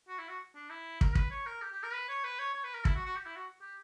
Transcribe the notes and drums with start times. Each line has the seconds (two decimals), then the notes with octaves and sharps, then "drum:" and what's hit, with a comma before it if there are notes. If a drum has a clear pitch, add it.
0.08 F#4
0.18 E4
0.29 F#4
0.55 D4
0.70 E4
1.01 A#4, drum: kick
1.15 B4, drum: kick
1.31 C#5
1.46 A#4
1.61 G4
1.72 G4
1.83 A#4
1.93 B4
2.08 C#5
2.24 B4
2.39 C#5
2.54 C#5
2.64 B4
2.74 A#4
2.85 E4, drum: kick
2.95 F#4
3.06 F#4
3.16 G4
3.26 E4
3.36 F#4
3.61 G4